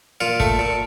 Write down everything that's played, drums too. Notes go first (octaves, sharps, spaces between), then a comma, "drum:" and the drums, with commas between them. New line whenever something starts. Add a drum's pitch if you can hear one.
A#2 F4
A3, drum: kick
A#2